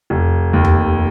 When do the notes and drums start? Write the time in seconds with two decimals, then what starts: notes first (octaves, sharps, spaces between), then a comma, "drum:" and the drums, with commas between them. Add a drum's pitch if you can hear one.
0.10 F1
0.53 D#2
0.65 drum: tom E2